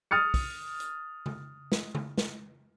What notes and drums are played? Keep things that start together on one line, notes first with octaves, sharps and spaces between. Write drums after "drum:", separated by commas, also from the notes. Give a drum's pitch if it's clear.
D#6 F6 A6 C#7
drum: kick, open hi-hat
drum: hi-hat
drum: tom C#3
drum: snare
drum: tom C#3
drum: snare